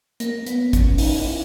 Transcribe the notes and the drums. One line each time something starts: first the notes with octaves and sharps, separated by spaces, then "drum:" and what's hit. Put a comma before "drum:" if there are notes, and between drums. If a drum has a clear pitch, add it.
A#3, drum: hi-hat
B3, drum: hi-hat
C#4, drum: kick A1, hi-hat
D#4, drum: open hi-hat
E4